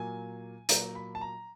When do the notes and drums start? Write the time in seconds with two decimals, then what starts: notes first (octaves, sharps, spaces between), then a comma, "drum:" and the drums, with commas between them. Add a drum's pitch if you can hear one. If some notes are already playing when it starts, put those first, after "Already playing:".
Already playing: A#2 F#3 A#3 G#5
0.69 A#2 F#3 A#3 A#5, drum: hi-hat
0.95 B5
1.15 A5
1.21 A#5